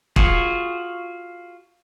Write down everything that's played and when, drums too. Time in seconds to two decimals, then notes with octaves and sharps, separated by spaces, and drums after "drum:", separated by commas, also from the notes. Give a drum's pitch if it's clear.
0.16 F4 F#4 G#4, drum: kick